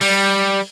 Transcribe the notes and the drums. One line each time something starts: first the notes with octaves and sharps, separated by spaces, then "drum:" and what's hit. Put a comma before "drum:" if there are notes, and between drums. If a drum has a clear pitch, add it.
G3, drum: open hi-hat